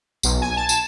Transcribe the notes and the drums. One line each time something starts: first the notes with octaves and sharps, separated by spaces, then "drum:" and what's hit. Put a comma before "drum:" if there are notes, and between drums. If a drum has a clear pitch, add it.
B1, drum: tambourine
G#5
A5
drum: tambourine